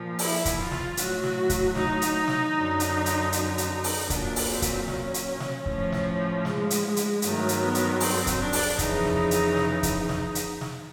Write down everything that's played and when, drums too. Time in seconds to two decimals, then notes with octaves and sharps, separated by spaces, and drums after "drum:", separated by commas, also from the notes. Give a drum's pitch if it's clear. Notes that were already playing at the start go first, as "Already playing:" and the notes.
Already playing: A#2 F3
0.19 E4, drum: open hi-hat
0.45 drum: kick C#1, hi-hat
0.59 F4
0.71 drum: snare
0.97 A2 F#3 F#4, drum: hi-hat
1.23 drum: snare
1.50 drum: kick C#1, hi-hat
1.75 D#4, drum: snare
2.02 drum: hi-hat
2.28 drum: snare
2.54 F#2 D3 F#3
2.80 drum: hi-hat
3.06 drum: hi-hat
3.32 D#4, drum: hi-hat
3.58 drum: hi-hat
3.84 drum: open hi-hat
4.10 A#2 F#3 D4, drum: kick C#1, hi-hat
4.36 drum: open hi-hat
4.50 C4
4.62 drum: kick C#1, hi-hat
4.88 C#4, drum: snare
5.14 drum: hi-hat
5.40 drum: snare
5.66 A2 F3 C#4, drum: kick C#1
5.92 drum: snare
6.45 G#3, drum: snare
6.70 drum: hi-hat
6.96 drum: hi-hat
7.22 G2 D#3 F#3 A3, drum: hi-hat
7.49 drum: hi-hat
7.61 B3
7.75 drum: hi-hat
8.00 C4, drum: open hi-hat
8.27 drum: kick C#1, hi-hat
8.40 D4
8.53 drum: open hi-hat
8.79 F2 C#3 E3 D#4, drum: kick C#1, hi-hat
9.05 drum: snare
9.31 drum: hi-hat
9.57 drum: snare
9.83 drum: kick C#1, hi-hat
10.09 drum: snare
10.35 drum: hi-hat
10.61 drum: snare